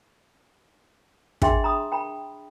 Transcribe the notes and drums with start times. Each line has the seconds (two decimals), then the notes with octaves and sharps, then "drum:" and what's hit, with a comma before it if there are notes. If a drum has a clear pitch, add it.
1.42 D4 G#4 E5 G5 C6, drum: kick
1.64 A#5 B5 D#6
1.92 G5 A#5 B5